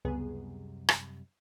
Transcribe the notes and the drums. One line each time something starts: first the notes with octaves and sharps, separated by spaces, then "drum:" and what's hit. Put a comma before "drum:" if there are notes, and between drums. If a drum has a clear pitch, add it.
C#2 F#2 C3 G3 B3 G#4
drum: rim click